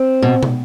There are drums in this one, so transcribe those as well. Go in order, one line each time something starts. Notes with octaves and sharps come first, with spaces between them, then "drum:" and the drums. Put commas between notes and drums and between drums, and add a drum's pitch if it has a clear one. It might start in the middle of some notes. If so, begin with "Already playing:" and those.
Already playing: C4
B2
drum: tom